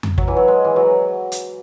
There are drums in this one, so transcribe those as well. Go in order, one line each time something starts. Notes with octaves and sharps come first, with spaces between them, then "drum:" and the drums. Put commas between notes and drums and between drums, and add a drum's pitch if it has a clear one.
drum: tom F2
F#3, drum: kick
E3
F#3
G#3
E3
F#3
drum: hi-hat